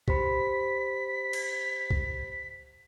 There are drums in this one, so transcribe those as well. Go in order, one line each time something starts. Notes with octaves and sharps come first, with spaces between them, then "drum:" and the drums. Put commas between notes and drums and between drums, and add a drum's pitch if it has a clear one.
G4 C5 B5 B6, drum: kick C2
drum: cymbal
drum: kick C2